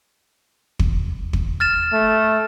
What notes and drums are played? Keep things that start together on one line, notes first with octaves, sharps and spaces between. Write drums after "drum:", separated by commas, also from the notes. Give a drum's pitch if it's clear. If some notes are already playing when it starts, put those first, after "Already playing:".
drum: kick
drum: kick
F6 A6 E7
A3